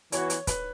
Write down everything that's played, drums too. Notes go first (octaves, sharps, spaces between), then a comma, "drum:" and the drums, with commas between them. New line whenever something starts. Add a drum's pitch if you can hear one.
E3 B3 F#4 C#5, drum: hi-hat
drum: hi-hat
B4, drum: kick, hi-hat